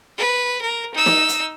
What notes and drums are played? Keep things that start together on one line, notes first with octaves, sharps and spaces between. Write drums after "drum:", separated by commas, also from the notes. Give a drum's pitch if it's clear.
B4
A#4
D#4 E6
drum: snare
drum: hi-hat